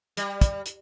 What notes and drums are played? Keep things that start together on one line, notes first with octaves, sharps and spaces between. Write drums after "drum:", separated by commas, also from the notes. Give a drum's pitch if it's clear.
G3, drum: hi-hat
drum: kick, hi-hat
drum: hi-hat